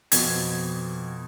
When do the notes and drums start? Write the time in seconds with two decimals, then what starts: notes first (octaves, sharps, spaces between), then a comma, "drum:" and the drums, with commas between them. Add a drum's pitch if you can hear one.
0.12 F2 B2 G#6, drum: hi-hat